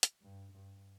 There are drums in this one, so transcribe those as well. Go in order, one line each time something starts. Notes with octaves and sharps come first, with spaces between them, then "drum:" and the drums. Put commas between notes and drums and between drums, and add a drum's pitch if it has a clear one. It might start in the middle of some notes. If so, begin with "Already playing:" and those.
drum: hi-hat
G2
G2